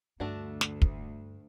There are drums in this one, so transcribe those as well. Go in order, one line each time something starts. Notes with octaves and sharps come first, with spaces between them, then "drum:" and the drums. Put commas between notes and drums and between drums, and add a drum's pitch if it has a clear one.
D2 G2 A3 D4 F#4
drum: snare
drum: kick